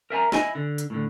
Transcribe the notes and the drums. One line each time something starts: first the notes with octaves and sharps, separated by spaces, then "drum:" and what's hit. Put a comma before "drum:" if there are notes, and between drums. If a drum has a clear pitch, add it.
A#4 E5 G#5 A#5
E4 D#5 G#5, drum: snare
D3
drum: hi-hat
A2 D3